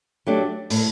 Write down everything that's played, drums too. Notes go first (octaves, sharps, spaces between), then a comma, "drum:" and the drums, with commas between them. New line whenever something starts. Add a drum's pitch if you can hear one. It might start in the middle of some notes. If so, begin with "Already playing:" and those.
F#3 A3 D4 G4
A2, drum: open hi-hat